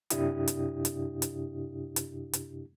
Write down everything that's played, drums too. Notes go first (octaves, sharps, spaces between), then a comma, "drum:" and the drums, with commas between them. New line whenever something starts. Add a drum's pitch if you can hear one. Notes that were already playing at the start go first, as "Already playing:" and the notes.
F#2 C3 D4 E4 G4 D#6, drum: hi-hat
drum: hi-hat
drum: hi-hat
drum: hi-hat
drum: hi-hat
drum: hi-hat